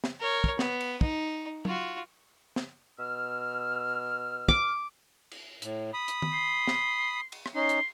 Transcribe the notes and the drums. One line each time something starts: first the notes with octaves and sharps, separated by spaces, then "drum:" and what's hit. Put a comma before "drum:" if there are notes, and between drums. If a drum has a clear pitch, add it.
drum: snare
A#4 C#5
drum: kick
B3, drum: snare
drum: cymbal
D#4, drum: kick
F4 F#4, drum: tom
drum: snare
B2 E6 F6
D6, drum: kick
drum: cymbal
A2, drum: hi-hat
B5 D#6
drum: hi-hat
drum: tom D#3
C6
drum: snare
drum: cymbal
drum: rim click
C#4 D#4 C6
drum: hi-hat